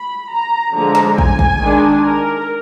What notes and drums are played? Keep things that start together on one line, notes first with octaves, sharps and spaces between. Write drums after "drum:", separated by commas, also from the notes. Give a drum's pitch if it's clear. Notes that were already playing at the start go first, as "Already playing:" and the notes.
Already playing: B5
A#5
D3 F3 G#3 A#5
drum: snare
G#5, drum: kick
drum: kick
D#3 G#3 D4
A#4